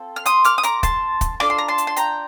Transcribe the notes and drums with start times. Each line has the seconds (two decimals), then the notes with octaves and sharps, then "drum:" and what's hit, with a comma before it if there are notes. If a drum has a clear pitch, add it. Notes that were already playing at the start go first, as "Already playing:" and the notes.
Already playing: C4 F4 A4
0.16 F6
0.26 C6 D#6, drum: hi-hat
0.44 D6 F6, drum: hi-hat
0.58 D#6
0.63 A#5 D6, drum: hi-hat
0.83 A5 C6, drum: kick, hi-hat
1.21 drum: kick, hi-hat
1.40 D4 F4 A4 D6, drum: rim click
1.50 C6
1.58 A#5
1.68 A5 C6
1.78 drum: hi-hat
1.87 C6
1.96 G5 A#5, drum: hi-hat